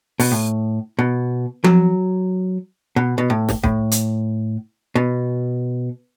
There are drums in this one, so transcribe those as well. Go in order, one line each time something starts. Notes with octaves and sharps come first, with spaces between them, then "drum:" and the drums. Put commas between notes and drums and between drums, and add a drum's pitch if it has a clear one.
B2, drum: open hi-hat
A2
B2
F#3, drum: tom F3
B2
B2
A2
drum: snare
A2, drum: kick
drum: hi-hat
B2